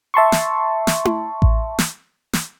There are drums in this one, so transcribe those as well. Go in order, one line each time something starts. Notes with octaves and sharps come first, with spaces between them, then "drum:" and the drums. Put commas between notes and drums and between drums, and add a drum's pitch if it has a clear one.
E5 A5 C6 C#6
drum: snare
drum: snare
drum: tom E4
drum: kick A1
drum: snare
drum: snare